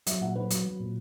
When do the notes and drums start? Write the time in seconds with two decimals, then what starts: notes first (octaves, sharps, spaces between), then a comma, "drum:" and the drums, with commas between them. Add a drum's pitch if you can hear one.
0.06 F#3 E5, drum: hi-hat
0.21 A#2 F#5
0.36 F#3 B4
0.50 F#3, drum: hi-hat
0.65 F#3
0.80 A#2